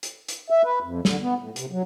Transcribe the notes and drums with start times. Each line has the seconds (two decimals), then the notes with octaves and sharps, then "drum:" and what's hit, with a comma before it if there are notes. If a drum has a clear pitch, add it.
0.03 drum: hi-hat
0.28 drum: hi-hat
0.50 E5
0.64 B4
0.83 F2
1.05 D3, drum: snare
1.21 B3
1.38 A2
1.56 C3, drum: hi-hat
1.72 F#3